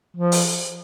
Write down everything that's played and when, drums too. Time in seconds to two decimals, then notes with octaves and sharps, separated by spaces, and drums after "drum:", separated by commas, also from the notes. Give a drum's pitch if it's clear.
0.17 F3
0.32 drum: open hi-hat